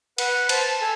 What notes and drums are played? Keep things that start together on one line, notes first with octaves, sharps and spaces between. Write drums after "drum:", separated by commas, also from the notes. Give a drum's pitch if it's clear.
B4 F#5, drum: cymbal
C5 A5, drum: cymbal
A5
A4 G#5